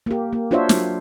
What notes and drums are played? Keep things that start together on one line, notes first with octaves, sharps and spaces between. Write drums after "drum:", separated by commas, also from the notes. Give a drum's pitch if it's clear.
A#3 G4
A#3
D4 F4 F#4 C5 C#5 E5
F#3, drum: snare